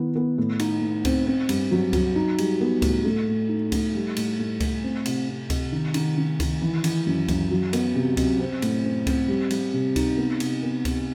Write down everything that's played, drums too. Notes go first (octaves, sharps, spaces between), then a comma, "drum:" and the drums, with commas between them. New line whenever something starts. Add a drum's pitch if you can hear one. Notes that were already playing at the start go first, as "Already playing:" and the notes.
Already playing: D#3 B3 E4
B3
A2
D#4, drum: cymbal
A2
C4, drum: kick C#2, cymbal
C4
G2, drum: cymbal
F#3
F#3, drum: kick C#2, cymbal
D#4
G3, drum: cymbal
B3
A2, drum: kick C#2, cymbal
A3
A2
D#4
A3, drum: kick C#2, cymbal
G3
A2, drum: cymbal
A2
A2, drum: kick C#2, cymbal
C4
C3, drum: cymbal
C4
C3, drum: kick C#2, cymbal
D#3
D#3, drum: cymbal
D#3
D#3, drum: kick C#2, cymbal
E3
E3, drum: cymbal
F#2
F#2, drum: kick C#2, cymbal
F#3
B3, drum: cymbal
C3
C3, drum: kick C#2, cymbal
C4
A2, drum: cymbal
C4
C4, drum: kick C#2, cymbal
G3
G3, drum: cymbal
C3
D#4, drum: kick C#2, cymbal
B3
C3, drum: cymbal
B3
C3, drum: kick C#2, cymbal